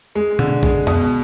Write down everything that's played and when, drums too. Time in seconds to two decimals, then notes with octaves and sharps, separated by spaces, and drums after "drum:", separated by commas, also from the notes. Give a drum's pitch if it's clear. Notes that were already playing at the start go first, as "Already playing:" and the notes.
0.15 G#3
0.39 D3, drum: tom B2
0.63 G#3, drum: kick A#1
0.87 B2, drum: tom